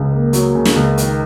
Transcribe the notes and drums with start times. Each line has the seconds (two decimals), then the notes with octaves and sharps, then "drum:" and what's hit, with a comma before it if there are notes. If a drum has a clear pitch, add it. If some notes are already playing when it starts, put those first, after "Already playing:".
Already playing: C#2 C#3
0.12 A#3
0.33 F#3, drum: hi-hat
0.55 C#3
0.65 drum: snare
0.76 C#2
0.98 D#3, drum: hi-hat